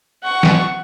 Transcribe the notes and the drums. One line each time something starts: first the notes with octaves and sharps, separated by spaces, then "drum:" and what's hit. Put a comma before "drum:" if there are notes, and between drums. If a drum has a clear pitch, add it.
F#5 C#6
drum: snare